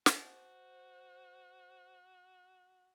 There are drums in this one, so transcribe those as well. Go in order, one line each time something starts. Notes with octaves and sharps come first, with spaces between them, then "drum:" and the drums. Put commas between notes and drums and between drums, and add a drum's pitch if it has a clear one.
F#4 C5, drum: snare